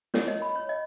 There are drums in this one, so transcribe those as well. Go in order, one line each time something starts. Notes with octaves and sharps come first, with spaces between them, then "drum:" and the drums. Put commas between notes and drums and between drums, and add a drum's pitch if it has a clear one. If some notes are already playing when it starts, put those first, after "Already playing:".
C#5, drum: snare
D#5
B5
C#5
D#5